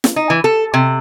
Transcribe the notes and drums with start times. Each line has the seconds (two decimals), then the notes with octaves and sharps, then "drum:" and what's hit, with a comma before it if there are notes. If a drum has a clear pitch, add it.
0.04 drum: snare
0.16 D#4
0.30 E3
0.44 A4
0.74 C3